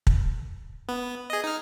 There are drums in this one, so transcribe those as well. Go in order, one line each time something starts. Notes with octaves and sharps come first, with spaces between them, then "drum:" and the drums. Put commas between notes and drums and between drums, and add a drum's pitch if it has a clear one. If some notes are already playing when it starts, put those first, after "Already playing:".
drum: kick
B3
G#4 D#5
D#4 F6